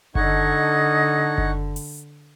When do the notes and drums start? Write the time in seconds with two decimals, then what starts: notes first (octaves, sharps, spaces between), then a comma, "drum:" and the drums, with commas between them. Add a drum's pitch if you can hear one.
0.15 D3 D#4 A4 D#5 F#5 C#6 G#6, drum: kick F#1
1.38 drum: kick F#1
1.76 drum: open hi-hat